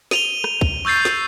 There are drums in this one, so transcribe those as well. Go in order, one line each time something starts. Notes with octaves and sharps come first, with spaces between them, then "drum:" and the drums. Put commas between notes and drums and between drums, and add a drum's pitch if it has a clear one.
D#7 F7 G7, drum: snare
drum: rim click
drum: kick
C#6 E6 G6 A6 C7
drum: snare